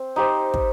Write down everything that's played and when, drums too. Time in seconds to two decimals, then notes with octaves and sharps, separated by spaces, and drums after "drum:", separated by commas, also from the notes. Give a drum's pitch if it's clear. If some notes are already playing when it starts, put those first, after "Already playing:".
Already playing: C4
0.16 D#4 G4 C5
0.54 drum: kick